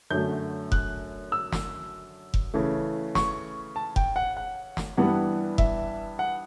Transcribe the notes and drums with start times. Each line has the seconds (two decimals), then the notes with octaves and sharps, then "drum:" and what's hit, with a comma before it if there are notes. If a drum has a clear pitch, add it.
0.11 F#2 D3 F#3 A3 G6
0.72 F#6, drum: kick F1
1.32 E6
1.53 drum: snare
2.34 drum: kick F1
2.54 C#3 E3 A3
3.15 C#6, drum: snare
3.76 A5
3.96 G5, drum: kick F1
4.16 F#5
4.37 F#5
4.77 drum: snare
4.97 G2 E3 G3 B3 D4 F#5
5.58 E5, drum: kick F1
6.19 F#5